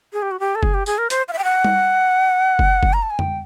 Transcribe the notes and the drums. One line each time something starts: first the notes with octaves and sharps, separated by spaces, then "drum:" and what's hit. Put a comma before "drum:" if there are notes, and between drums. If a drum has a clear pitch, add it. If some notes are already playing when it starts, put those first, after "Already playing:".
G#4
G4
F#4
G4
A4
G#4, drum: kick F#1
G4
G#4, drum: tambourine
A#4
C5, drum: hi-hat
F5
E5
G5
F#5
drum: tom G3
drum: kick F#1
drum: kick F#1
A#5
A5
G#5
G5, drum: tom